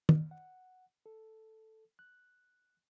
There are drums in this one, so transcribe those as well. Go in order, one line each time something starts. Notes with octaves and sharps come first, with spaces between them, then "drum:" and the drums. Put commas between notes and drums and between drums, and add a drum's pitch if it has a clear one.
drum: tom
F#5
A4
F#6